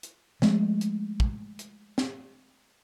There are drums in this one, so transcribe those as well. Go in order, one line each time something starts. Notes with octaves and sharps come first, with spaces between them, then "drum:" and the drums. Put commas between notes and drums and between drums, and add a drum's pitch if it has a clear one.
drum: hi-hat
F3 G#3 A3, drum: snare
drum: hi-hat
drum: kick
drum: hi-hat
drum: snare